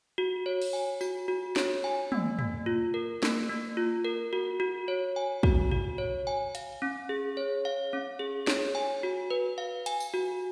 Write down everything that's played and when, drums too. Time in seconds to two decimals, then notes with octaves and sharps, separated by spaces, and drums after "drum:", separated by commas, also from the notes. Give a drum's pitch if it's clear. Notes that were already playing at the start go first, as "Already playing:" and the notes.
0.18 F#4
0.46 C#5
0.62 drum: open hi-hat
0.73 G#5
1.01 F#4, drum: tambourine
1.28 F#4
1.56 C#5, drum: snare
1.84 G#5
2.12 A#3, drum: tom
2.39 A#3, drum: tom
2.66 F4
2.94 A#4
3.23 A#3, drum: snare
3.50 A#3
3.77 F4
4.05 A#4
4.33 F#4
4.60 F#4
4.88 C#5
5.16 G#5
5.43 F#4, drum: kick
5.71 F#4, drum: tom
5.98 C#5
6.27 G#5
6.55 F5, drum: hi-hat
6.82 C#4
7.09 G#4
7.37 C#5
7.65 F5
7.93 C#4
8.19 G#4
8.47 C#5, drum: snare
8.75 G#5
9.03 F#4
9.31 B4
9.58 F5
9.86 G#5, drum: hi-hat
10.00 drum: tambourine
10.14 F#4